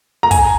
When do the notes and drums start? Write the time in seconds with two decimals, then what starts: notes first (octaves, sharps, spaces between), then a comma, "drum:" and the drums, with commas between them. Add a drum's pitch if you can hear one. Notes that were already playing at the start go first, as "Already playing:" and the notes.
0.23 A#5
0.31 G#5, drum: kick, hi-hat